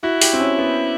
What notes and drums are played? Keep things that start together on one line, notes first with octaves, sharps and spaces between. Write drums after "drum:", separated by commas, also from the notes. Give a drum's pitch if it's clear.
E4 F#4
G4, drum: open hi-hat
C4
C#4
B3